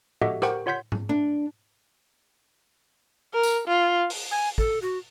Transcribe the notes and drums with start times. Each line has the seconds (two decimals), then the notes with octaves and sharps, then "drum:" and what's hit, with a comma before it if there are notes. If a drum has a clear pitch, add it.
0.22 F#4 G4 A4 D#5 E5 F#5, drum: tom A2
0.42 G4 A#4 C5 F#5 G5 C#6, drum: rim click
0.66 F4 C#5 F#5 C6 G6 B6
0.92 drum: tom G#2
1.09 D4
3.34 A#4
3.43 drum: tambourine
3.68 F4
4.10 drum: open hi-hat
4.31 G#5
4.58 A4, drum: kick
4.82 F#4